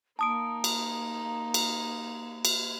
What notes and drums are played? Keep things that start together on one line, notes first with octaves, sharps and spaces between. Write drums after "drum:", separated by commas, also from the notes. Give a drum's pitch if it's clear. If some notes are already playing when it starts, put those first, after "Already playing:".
A#3 D#4 A5 D#6 D7
drum: cymbal
drum: cymbal
drum: cymbal